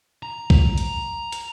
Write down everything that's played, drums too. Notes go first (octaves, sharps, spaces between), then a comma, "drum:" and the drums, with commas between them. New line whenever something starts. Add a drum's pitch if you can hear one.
A#5
drum: kick B1
drum: hi-hat
drum: hi-hat